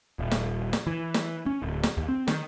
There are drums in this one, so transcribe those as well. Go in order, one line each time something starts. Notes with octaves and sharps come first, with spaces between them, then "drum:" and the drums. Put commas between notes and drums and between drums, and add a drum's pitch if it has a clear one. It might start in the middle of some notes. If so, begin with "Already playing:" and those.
D#1
drum: snare
drum: snare
E3
drum: snare
C#4
D1
drum: snare
D#2
C4
D#3, drum: snare